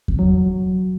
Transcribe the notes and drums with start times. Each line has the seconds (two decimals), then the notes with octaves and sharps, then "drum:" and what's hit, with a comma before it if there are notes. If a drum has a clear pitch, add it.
0.08 drum: kick E2
0.19 F#3